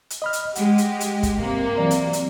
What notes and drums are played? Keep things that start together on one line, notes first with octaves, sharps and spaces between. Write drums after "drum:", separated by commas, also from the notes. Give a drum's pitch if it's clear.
drum: hi-hat
D#5 B5 F6
drum: hi-hat
G#3 G4 F#5, drum: hi-hat
drum: hi-hat
drum: hi-hat
drum: kick, hi-hat
G2 C3 A#3
E3 F#3 D5
drum: hi-hat
drum: hi-hat